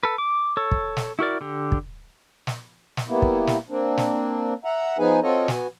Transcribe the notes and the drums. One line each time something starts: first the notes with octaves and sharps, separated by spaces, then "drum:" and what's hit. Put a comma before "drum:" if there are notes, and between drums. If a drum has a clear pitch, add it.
A4 B4
D6
A4 C#5
drum: kick
drum: snare
E4 F#4 A#4 D5
D3 G4
drum: kick
drum: snare
drum: snare
G3 A#3 B3 E4
drum: kick
drum: snare
A#3 C4 D4
drum: snare
E5 F#5 A#5
F3 B3 D#4 G#4 B4 G#5
C4 F4 F#4 A4 C#5 D#5
B3 F#4 G#5, drum: snare